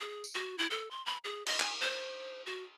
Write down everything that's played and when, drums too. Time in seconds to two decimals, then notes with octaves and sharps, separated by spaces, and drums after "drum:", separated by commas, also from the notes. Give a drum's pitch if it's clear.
0.01 G#4
0.24 drum: tambourine
0.35 F#4
0.58 E4
0.70 A4
0.91 C6
1.06 B5
1.24 G#4
1.46 D#5, drum: cymbal
1.60 G#5, drum: clap
1.81 C5
2.46 F#4